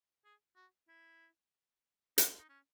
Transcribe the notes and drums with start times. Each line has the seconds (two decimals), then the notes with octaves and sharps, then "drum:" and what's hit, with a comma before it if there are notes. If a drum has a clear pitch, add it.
0.25 G#4
0.56 F#4
0.89 E4
2.18 D#4, drum: hi-hat
2.39 D#4
2.49 C#4